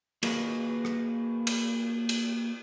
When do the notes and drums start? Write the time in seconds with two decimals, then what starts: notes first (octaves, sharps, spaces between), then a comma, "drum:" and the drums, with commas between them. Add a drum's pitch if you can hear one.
0.23 A#3 F#4 G#4 B4 D#5 F5, drum: cymbal
0.85 drum: rim click
1.47 drum: cymbal
2.09 drum: cymbal